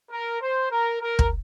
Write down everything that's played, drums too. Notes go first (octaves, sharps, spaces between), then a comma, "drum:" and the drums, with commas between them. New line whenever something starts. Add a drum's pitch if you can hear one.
A#4
C5
A#4
A#4
drum: kick